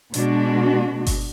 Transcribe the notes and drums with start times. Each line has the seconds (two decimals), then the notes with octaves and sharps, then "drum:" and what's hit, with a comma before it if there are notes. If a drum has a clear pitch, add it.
0.14 B2 G#3 D4 F#4, drum: hi-hat
1.06 drum: kick G1, open hi-hat